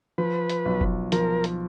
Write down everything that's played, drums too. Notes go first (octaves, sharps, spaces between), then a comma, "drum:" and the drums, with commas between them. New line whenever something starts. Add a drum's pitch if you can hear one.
F3 B4
drum: hi-hat
B1
drum: kick
F3 A#4, drum: hi-hat
drum: hi-hat